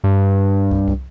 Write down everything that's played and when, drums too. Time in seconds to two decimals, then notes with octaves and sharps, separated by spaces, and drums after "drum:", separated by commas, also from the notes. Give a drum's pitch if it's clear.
0.04 G2
0.71 drum: kick
0.88 drum: kick